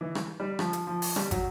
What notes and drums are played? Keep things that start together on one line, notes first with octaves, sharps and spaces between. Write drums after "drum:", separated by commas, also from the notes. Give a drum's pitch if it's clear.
E3
drum: rim click
G3
F3, drum: rim click
drum: hi-hat
F3
drum: open hi-hat
G3, drum: rim click
F#3, drum: kick, hi-hat